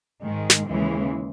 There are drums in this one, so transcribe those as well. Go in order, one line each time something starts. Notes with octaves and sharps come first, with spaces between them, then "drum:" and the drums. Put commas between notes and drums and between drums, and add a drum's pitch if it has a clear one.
G#2 D#3 G#3
drum: snare
D#2 C#3 E3 G#3